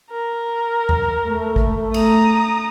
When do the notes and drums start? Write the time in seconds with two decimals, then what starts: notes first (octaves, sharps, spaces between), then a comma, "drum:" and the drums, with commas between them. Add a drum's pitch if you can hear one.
0.11 A#4
0.89 drum: tom E2
1.27 A3
1.56 drum: kick
1.94 A#5 D#6, drum: cymbal